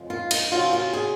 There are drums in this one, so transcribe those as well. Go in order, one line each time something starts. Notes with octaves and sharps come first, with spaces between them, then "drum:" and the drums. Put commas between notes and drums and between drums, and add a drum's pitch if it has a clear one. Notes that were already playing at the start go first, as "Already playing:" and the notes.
Already playing: F2 C#3 F3 G#3
F4
D#4, drum: cymbal
C3 F#3 C#4 F4
F4
G#4